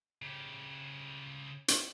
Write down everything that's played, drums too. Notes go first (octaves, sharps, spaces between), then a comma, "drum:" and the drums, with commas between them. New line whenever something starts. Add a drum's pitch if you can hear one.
C#3 G4
drum: hi-hat